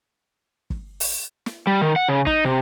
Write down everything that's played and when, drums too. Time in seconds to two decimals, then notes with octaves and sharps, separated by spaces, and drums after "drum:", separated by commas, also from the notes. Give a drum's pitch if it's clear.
0.70 drum: kick
1.00 drum: open hi-hat
1.46 drum: snare
1.67 G3
1.81 D#3
1.96 F#5
2.09 C#3
2.27 D#4, drum: kick
2.45 C3